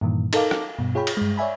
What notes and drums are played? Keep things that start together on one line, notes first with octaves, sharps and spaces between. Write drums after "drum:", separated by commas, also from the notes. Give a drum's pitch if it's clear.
G2 A#2 D#3 E3
D#4 A4 A#4 F5 D6, drum: cymbal
drum: rim click
G2 B2
F4 G#4 C#5 F5 G5 B5
drum: cymbal
G2 G#3
C#5 D5 E5 G#5 B5